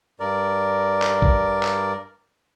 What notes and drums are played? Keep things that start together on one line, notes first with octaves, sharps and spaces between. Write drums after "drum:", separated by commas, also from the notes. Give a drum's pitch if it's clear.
G2 A#4 D5
drum: clap
drum: kick A#1
drum: clap